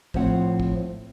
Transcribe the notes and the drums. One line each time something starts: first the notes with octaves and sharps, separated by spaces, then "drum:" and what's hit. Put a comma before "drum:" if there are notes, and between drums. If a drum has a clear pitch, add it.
A2 F3 C4 C#5 F#5, drum: kick
drum: kick